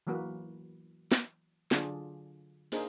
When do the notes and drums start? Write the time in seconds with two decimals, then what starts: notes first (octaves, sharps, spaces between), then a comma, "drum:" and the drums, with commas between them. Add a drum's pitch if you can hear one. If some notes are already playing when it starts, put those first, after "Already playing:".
0.07 E3 F#3 A#3 F#4 B4
1.12 drum: snare
1.71 D3 F#3 D4 F4 G#4, drum: snare
2.72 A#3 D4 D#4 G#4 A#4 C5, drum: open hi-hat